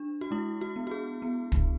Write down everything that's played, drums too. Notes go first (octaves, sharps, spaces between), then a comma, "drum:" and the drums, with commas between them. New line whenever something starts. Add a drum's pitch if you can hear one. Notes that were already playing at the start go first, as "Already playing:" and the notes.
Already playing: D4
F#4
G#3 E4
F#4
B3
F#4
G#4
B3
drum: kick